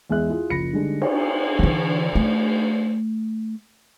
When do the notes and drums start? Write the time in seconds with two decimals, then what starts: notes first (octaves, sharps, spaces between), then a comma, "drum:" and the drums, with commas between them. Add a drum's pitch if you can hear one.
0.10 E2 G#3 G#4 E5 F#6
0.30 E4 F4 G#4
0.50 F#1 F3 B5 A#6 C#7
0.73 D3 G3 G#3 D4 D#4
1.02 drum: cymbal
1.59 D3 E3
2.15 A3